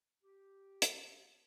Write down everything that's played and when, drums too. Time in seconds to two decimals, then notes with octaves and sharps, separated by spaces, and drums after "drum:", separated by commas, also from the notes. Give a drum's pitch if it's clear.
0.23 G4
0.82 drum: hi-hat